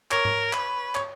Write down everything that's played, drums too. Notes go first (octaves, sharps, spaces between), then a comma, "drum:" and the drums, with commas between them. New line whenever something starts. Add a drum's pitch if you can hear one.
A#4 C#5, drum: clap
drum: tom G#2
B4, drum: clap
C#5, drum: clap